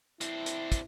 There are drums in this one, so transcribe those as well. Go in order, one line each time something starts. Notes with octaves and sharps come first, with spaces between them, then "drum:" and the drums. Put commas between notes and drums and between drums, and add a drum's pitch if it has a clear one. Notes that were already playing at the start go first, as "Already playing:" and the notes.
C4 D4 E4, drum: hi-hat
drum: hi-hat
drum: kick, hi-hat